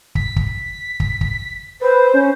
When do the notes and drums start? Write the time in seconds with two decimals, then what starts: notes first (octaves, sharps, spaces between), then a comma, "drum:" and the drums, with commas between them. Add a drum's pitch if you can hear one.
0.15 B6, drum: kick
0.36 drum: kick
1.00 drum: kick
1.21 drum: kick
1.81 B4 C5
2.14 C#4